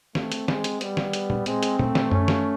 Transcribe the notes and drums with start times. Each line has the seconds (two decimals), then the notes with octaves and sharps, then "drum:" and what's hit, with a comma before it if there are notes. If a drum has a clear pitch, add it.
0.15 A3 C4, drum: snare
0.32 drum: hi-hat
0.48 G#3, drum: snare
0.64 drum: hi-hat
0.81 G3 B3, drum: hi-hat
0.97 drum: snare
1.13 drum: hi-hat
1.30 drum: tom A#2
1.46 G#3 C4, drum: hi-hat
1.63 drum: hi-hat
1.79 A3, drum: tom A#2
1.95 drum: snare
2.11 C#4, drum: tom F#2
2.28 drum: snare